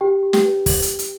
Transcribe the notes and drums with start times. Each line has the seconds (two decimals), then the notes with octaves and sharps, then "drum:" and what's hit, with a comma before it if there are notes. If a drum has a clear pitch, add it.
0.01 G4 G5
0.23 G4
0.33 G4 G5, drum: snare
0.44 B4
0.66 drum: kick, open hi-hat
0.82 drum: hi-hat
0.99 drum: hi-hat